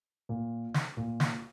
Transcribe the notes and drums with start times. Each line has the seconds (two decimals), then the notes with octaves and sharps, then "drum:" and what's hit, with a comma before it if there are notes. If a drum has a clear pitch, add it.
0.29 A#2
0.74 drum: snare
0.97 A#2
1.20 drum: snare